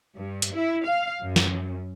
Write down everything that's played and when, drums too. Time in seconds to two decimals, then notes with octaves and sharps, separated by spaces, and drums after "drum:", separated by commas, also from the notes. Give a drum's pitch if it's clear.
0.15 G2
0.42 drum: hi-hat
0.53 E4
0.85 F5
1.24 F#2
1.36 drum: snare